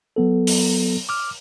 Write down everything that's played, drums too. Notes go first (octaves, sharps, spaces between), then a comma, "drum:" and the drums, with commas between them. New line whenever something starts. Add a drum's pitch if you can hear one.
F#3 B3 A4
drum: open hi-hat
D6 F6